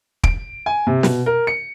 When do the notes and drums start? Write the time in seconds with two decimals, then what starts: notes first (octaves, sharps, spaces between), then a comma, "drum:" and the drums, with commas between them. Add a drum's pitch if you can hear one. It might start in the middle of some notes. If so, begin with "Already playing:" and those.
0.24 D7, drum: kick
0.66 G#5
0.87 C3
1.03 B2, drum: snare
1.26 A#4
1.47 C#7